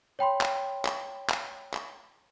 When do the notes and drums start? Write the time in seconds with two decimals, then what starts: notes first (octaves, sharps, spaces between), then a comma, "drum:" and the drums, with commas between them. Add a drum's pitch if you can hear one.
0.19 C#5 G5 B5 C6
0.41 drum: clap
0.85 drum: clap
1.29 drum: clap
1.74 drum: clap